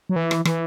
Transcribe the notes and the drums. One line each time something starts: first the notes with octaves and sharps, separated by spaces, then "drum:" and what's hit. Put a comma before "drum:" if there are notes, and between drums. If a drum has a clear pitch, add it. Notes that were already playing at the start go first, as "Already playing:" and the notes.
F#3
E3
drum: rim click
E3, drum: rim click